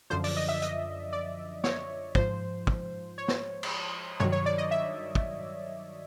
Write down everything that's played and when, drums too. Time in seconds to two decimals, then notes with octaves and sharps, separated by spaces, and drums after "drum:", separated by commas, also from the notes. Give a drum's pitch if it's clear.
0.10 F#2 D3 F3 C5
0.24 D5, drum: open hi-hat
0.37 D#5
0.49 E5
0.62 D#5, drum: hi-hat
1.13 D5
1.64 C#5, drum: snare
2.15 G#2 F3 C5, drum: kick
2.67 drum: kick
3.18 C#5
3.28 drum: snare
3.63 drum: cymbal
4.20 G2 D#3 F#3 C#5, drum: tom
4.32 C#5
4.46 D5
4.58 D#5
4.71 E5
5.15 drum: kick